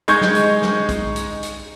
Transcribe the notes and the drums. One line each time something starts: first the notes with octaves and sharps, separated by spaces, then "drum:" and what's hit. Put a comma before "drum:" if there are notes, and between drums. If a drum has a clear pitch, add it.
G#3 D#4 C#6 G6 G#6, drum: hi-hat
drum: snare
drum: hi-hat
drum: snare
drum: kick, hi-hat
drum: hi-hat
drum: hi-hat